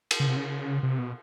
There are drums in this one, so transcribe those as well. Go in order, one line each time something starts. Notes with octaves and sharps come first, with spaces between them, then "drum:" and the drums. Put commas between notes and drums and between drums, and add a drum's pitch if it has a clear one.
drum: cymbal
C#3
C3
C#3
C3
B2